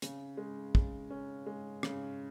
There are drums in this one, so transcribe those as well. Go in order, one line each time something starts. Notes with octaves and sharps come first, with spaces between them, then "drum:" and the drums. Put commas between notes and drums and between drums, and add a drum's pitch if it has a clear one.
C#3, drum: hi-hat
G#3
C#3, drum: kick
C#4
G#3
C#3, drum: rim click